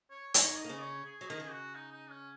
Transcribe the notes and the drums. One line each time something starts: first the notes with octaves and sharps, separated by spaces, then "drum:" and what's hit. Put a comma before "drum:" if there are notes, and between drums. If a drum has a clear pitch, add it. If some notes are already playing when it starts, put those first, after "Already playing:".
C#5
D#3 D#4 C#5, drum: hi-hat
D#5
A#3
C#3 C#4
C#5
G#4
F#3
D#3 G#4
C#3
F#4
D#4
D#4
C#4